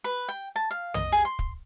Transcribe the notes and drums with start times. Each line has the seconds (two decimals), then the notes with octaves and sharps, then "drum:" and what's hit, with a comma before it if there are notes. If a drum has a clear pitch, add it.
0.04 B4
0.28 G5
0.56 A5
0.71 F5
0.94 D#5, drum: tom
1.12 G#4
1.25 C6
1.39 drum: kick